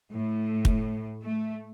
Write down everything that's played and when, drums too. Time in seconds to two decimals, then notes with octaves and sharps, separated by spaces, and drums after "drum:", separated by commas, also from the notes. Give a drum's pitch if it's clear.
0.11 A2
0.65 drum: kick
1.24 A3